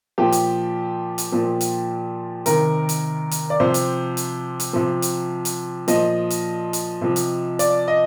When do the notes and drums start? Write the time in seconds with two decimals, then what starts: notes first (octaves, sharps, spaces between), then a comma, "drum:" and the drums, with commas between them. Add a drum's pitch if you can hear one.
0.18 A#2 F3 G4
0.32 drum: hi-hat
1.18 drum: hi-hat
1.32 A#2 F3
1.61 drum: hi-hat
2.46 C3 D#3 A#4, drum: hi-hat
2.89 drum: hi-hat
3.31 drum: hi-hat
3.50 D5
3.60 C3 F3 C5
3.74 drum: hi-hat
4.17 drum: hi-hat
4.60 drum: hi-hat
4.73 C3 F3
5.02 drum: hi-hat
5.45 drum: hi-hat
5.88 A#2 F3 D#5, drum: hi-hat
6.30 drum: hi-hat
6.73 drum: hi-hat
7.01 C3 F3
7.16 drum: hi-hat
7.59 D5, drum: hi-hat
7.88 D#5